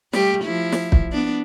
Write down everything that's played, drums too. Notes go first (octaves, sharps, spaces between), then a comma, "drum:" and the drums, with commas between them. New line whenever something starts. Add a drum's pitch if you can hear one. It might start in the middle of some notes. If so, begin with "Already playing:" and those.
G3 A3 G4, drum: snare
F3 E4
drum: snare
drum: kick
B3 D4